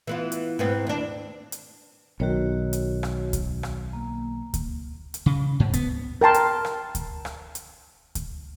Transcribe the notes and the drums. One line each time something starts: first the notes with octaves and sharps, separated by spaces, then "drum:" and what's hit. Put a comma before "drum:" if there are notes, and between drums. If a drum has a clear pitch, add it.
E3 B3 F4
drum: hi-hat
G#2 B3 C4
D#2 D4
drum: hi-hat
B1 D#3 F#4 C#5
drum: hi-hat
drum: rim click
drum: kick D2, hi-hat
drum: rim click
A#3
drum: kick D2, hi-hat
drum: hi-hat
C#3
G#2
B3, drum: kick D2, hi-hat
A#4 G5 A5 C6
drum: hi-hat
drum: rim click
drum: kick D2, hi-hat
drum: rim click
drum: hi-hat
drum: kick D2, hi-hat